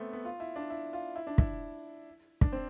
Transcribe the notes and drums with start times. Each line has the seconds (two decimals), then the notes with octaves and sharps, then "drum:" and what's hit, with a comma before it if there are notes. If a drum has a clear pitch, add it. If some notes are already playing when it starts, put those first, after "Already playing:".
Already playing: A3 B3 C4
0.13 B3
0.25 F4
0.40 E4
0.56 D4
0.70 E4
0.93 F4
1.16 E4
1.27 D4
1.38 E4, drum: kick
2.41 D4, drum: kick
2.53 C4